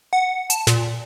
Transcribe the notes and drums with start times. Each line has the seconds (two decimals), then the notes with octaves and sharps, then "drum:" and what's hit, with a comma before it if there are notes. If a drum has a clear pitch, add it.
0.13 F#5
0.50 A5, drum: hi-hat
0.67 A#2, drum: snare